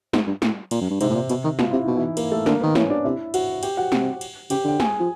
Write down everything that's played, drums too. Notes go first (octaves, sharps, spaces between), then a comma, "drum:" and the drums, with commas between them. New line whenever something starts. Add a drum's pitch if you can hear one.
G#2, drum: snare
G2
A2, drum: snare
A#2, drum: cymbal
F#2
G2
G#2 C3 C4, drum: cymbal
A2
A#2
B2, drum: cymbal
D#3
B2 F4, drum: snare
C3 E4
B2 D#4
E3 E4
A#3 A#4, drum: cymbal
A3 A4
D3 A#3 A#4, drum: snare
D#3 B3 B4
E3 C#4 C#5, drum: snare
D4 D5
C3 E4 E5
F#4 F#5, drum: cymbal
G4 G5, drum: cymbal
F#4 F#5
C3, drum: snare
drum: cymbal
C#3 G4 G5, drum: cymbal
D3 G5
G#4 G#5, drum: snare
F3